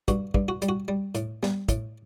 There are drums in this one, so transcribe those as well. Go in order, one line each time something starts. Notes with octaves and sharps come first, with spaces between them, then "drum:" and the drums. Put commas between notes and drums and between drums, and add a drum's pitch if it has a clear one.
G2 F#4, drum: kick, hi-hat
G2, drum: kick
F#4
G3, drum: hi-hat
F#4
G3
A2, drum: hi-hat
G3, drum: snare
A2, drum: kick, hi-hat